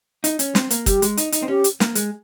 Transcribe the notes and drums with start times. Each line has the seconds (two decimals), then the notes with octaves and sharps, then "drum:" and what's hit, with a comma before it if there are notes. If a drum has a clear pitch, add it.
0.24 D#4, drum: hi-hat
0.39 C#4, drum: hi-hat
0.55 C4, drum: snare
0.71 A#3, drum: hi-hat
0.86 G3 G4, drum: kick, hi-hat
1.02 G#3, drum: hi-hat
1.17 D#4, drum: hi-hat
1.32 D#4, drum: hi-hat
1.42 C4
1.48 C#4 G4
1.64 drum: hi-hat
1.80 A#3, drum: snare
1.95 G#3, drum: hi-hat